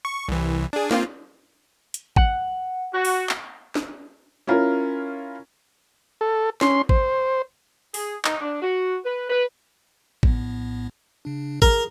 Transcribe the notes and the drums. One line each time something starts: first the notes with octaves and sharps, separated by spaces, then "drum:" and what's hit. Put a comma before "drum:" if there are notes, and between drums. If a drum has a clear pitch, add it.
C#6
C2 E3
D4 G#4
A#3 C4 F4, drum: snare
drum: hi-hat
F#5, drum: kick A1
F#4
drum: open hi-hat
drum: clap
drum: snare
C#4 E4 F4 A#4
A4
C#4 C6, drum: snare
C5, drum: kick A1
G#4, drum: open hi-hat
D#4, drum: clap
D4
F#4
B4
B4
A#1 A2 B3, drum: kick A1
C#3 D4
G#4 A#4, drum: kick A1